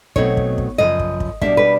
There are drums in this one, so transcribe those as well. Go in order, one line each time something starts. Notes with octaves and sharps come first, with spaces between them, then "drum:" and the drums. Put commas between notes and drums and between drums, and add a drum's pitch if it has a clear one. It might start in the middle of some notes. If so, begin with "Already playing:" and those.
B2 F#3 A3 C4 D#4 C#5, drum: kick
drum: kick
drum: kick
F#2 C#3 F3 D#5
drum: kick
drum: kick
B2 G3 A#3 D4 E5, drum: kick
B4